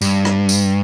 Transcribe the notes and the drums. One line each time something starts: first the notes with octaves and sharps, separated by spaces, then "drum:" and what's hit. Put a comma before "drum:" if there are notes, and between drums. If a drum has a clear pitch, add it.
G2, drum: tambourine
drum: rim click
drum: tambourine